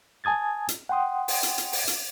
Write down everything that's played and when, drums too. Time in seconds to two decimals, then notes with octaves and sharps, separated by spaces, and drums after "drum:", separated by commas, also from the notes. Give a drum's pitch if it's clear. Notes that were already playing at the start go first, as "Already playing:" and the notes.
0.24 G#5 A5 D#6 G#6 A6
0.68 drum: hi-hat
0.89 F#5 G5 C6 D#6
1.28 drum: open hi-hat
1.43 drum: hi-hat
1.58 drum: hi-hat
1.73 drum: open hi-hat
1.88 drum: hi-hat